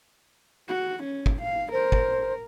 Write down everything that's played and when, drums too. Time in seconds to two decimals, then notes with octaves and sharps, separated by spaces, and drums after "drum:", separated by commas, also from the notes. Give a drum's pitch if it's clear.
0.69 F#4
1.04 C#4
1.26 drum: kick G1
1.42 F5
1.73 A#4 C5
1.92 drum: kick G1